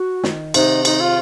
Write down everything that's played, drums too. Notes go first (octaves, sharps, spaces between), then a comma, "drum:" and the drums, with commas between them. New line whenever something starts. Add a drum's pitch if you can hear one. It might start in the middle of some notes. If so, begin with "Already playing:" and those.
Already playing: F#4
D#3, drum: snare
C3 D#4, drum: cymbal
D#4, drum: cymbal
F4